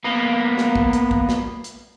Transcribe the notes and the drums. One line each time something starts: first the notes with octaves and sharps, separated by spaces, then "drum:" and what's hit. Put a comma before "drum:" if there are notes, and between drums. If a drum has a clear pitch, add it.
A#3 B3
drum: snare
drum: kick
drum: hi-hat
drum: kick
drum: snare
drum: hi-hat